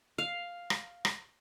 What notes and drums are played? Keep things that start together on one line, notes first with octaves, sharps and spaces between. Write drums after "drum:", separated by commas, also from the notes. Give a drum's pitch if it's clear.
F5
drum: rim click
drum: rim click